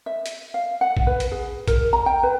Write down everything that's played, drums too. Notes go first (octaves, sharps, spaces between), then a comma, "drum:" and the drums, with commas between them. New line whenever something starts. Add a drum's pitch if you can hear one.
E5
drum: hi-hat
F5
F#5
drum: kick
B4
drum: hi-hat
G#4
A#4, drum: kick, hi-hat
A#5
G5
B4